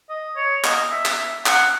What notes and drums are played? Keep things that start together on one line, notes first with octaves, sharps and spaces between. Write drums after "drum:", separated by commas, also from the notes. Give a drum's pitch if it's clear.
D#5
C#5
D#5, drum: clap
E5
drum: clap
E5
F#5, drum: clap